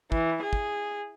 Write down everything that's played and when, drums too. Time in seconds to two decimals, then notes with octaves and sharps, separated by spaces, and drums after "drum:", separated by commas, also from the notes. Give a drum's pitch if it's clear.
0.12 E3, drum: kick
0.43 G#4
0.53 drum: kick